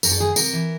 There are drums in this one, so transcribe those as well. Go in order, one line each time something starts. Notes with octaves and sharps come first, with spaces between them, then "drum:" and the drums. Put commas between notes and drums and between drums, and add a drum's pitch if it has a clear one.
F#2 A#4, drum: tambourine
A4
D#3 G#4
C3 A#4, drum: tambourine
E3